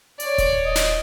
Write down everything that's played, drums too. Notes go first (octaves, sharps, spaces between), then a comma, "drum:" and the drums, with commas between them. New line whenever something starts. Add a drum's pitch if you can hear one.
C#5 D5, drum: hi-hat
drum: kick D#1, hi-hat
D#5
drum: snare